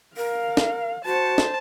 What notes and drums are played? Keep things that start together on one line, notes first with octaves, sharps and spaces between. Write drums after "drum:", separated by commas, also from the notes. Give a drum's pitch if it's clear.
A#4 F5
drum: snare
F#4 C5 A5
drum: snare